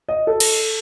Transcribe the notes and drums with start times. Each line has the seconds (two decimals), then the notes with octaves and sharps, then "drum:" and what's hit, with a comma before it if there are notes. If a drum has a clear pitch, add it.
0.09 D#5
0.27 A4
0.40 drum: cymbal